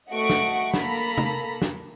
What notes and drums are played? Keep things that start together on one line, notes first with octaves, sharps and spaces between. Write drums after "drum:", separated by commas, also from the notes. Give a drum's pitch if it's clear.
A3 F#4 D#5 F#5 C#6 D7
drum: snare
A#3 A4 A#5 B5, drum: snare
drum: tambourine
drum: tom
drum: snare